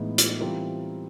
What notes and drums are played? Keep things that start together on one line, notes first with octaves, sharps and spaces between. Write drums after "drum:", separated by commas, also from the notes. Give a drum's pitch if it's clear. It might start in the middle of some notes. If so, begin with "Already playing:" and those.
Already playing: A2 E3 G#3 B3 D#4
drum: hi-hat
E3 G3 C4 F4 A#4